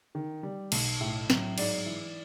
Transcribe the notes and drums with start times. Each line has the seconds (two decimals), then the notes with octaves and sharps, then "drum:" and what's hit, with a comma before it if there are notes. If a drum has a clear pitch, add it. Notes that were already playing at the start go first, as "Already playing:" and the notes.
0.15 D#3
0.43 G3
0.72 B1, drum: cymbal
1.01 A2
1.30 F#3, drum: snare
1.58 G#2 D5, drum: cymbal
1.86 E3